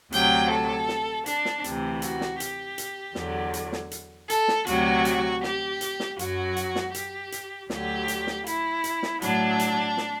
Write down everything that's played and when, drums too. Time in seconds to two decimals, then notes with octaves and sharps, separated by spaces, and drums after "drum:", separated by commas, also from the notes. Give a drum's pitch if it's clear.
0.12 D2 C3 F#3 G5, drum: hi-hat
0.50 A4
0.88 drum: snare
1.26 D4, drum: hi-hat
1.45 drum: snare
1.64 D2 C3 E3, drum: hi-hat
2.02 F#4, drum: hi-hat
2.21 drum: snare
2.40 G4, drum: hi-hat
2.78 drum: hi-hat
3.15 E2 D3 F#3, drum: snare
3.54 drum: hi-hat
3.72 drum: snare
3.91 drum: hi-hat
4.30 A4, drum: hi-hat
4.48 drum: snare
4.67 D2 C3 F#3 F#4, drum: hi-hat
5.05 drum: hi-hat
5.43 G4, drum: snare
5.81 drum: hi-hat
6.00 drum: snare
6.19 F#2 F#3 F#4, drum: hi-hat
6.57 drum: hi-hat
6.75 drum: snare
6.94 G4, drum: hi-hat
7.32 drum: hi-hat
7.70 D2 D3 F#3 G4, drum: snare
8.08 drum: hi-hat
8.27 drum: snare
8.46 E4, drum: hi-hat
8.84 drum: hi-hat
9.03 drum: snare
9.22 A2 F#3 D4, drum: hi-hat
9.60 drum: hi-hat
9.97 drum: snare